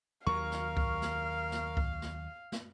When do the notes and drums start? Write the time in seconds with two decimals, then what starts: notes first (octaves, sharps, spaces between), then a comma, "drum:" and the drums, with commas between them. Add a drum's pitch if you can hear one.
0.27 D#2 F#3 A#4 F5 C#6
0.52 drum: snare
0.77 drum: kick C2
1.02 drum: snare
1.52 drum: snare
1.77 drum: kick C2
2.02 drum: snare
2.52 drum: snare